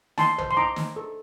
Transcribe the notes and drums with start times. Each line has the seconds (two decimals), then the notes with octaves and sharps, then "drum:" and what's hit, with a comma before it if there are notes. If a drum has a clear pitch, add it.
0.18 D#4 A5 C6, drum: snare
0.38 C5, drum: tom
0.51 C6
0.57 D#4 A#5 D6
0.76 D#4, drum: snare
0.96 A4